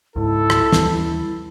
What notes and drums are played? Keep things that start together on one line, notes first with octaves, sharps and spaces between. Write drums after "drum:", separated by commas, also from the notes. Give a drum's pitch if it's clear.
C#2 G#2 E4 A4
drum: rim click
D#2 E3 G3, drum: snare